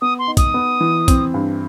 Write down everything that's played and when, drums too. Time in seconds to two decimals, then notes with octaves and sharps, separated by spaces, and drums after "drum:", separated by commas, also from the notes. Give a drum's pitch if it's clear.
0.01 B3 D#6
0.18 C6
0.27 D#4
0.37 D#6, drum: kick, hi-hat
0.54 B3
0.81 E3
1.08 C4, drum: kick, hi-hat
1.34 G2